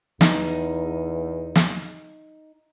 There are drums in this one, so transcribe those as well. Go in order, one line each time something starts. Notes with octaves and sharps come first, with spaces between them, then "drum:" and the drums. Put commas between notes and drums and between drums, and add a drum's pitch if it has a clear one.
E2 D#4, drum: snare
drum: snare